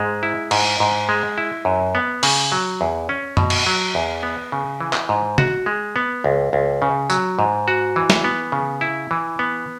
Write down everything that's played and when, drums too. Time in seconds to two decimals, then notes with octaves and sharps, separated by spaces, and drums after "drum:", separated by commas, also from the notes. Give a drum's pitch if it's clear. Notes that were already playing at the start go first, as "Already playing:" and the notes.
Already playing: G#2 G#3
0.23 E4
0.51 G#2, drum: cymbal
0.80 G#2
1.09 G#3
1.38 E4
1.65 F#2
1.95 B3
2.23 C#3, drum: open hi-hat
2.52 F#3
2.81 E2
3.09 C#4
3.37 B2, drum: tom F#2
3.50 drum: cymbal
3.67 F#3
3.95 E2
4.23 B3
4.52 C#3
4.80 E3
4.93 drum: clap
5.09 G#2
5.38 F#4, drum: tom
5.66 G#3
5.96 B3
6.24 C#2
6.53 C#2
6.82 C#3
7.10 F#3, drum: tambourine
7.39 G#2
7.68 F#4
7.96 E3
8.10 drum: snare
8.24 B3
8.52 C#3
8.81 E4
9.11 E3
9.39 B3